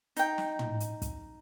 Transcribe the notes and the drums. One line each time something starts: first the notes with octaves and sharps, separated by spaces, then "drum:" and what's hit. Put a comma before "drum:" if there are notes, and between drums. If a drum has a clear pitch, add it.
D#4 G5, drum: hi-hat
drum: snare
drum: tom
drum: hi-hat
drum: kick, hi-hat